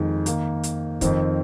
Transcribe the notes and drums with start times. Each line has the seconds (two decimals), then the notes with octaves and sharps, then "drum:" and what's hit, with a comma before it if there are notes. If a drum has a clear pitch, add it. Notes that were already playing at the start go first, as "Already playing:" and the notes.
Already playing: F2 D#3 G#3 D#4
0.26 D#3 A#3 D#4, drum: hi-hat
0.63 drum: hi-hat
1.01 F2 D#3 C4 D#4, drum: kick, hi-hat